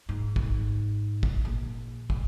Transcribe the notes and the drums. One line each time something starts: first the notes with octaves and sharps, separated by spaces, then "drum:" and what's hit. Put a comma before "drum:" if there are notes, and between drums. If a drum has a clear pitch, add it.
G#2
drum: kick
drum: kick
A#1
drum: kick